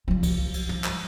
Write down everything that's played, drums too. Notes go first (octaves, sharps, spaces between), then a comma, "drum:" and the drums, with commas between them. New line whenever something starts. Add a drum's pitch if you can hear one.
F3 G3
drum: kick C2, cymbal
drum: cymbal
drum: tom
drum: clap